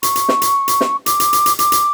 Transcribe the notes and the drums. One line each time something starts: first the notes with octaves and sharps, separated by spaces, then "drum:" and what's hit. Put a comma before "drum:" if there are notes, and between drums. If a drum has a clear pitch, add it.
C#6, drum: hi-hat
drum: hi-hat
drum: snare
drum: hi-hat
drum: hi-hat
drum: snare
D6, drum: hi-hat
drum: hi-hat
drum: hi-hat
drum: hi-hat
D6, drum: hi-hat
drum: hi-hat